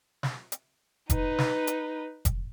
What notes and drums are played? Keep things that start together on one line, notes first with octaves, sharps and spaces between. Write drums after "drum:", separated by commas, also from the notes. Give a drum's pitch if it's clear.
drum: snare
drum: hi-hat
D#4 B4, drum: kick F1, hi-hat
drum: snare
drum: hi-hat
drum: kick F1, hi-hat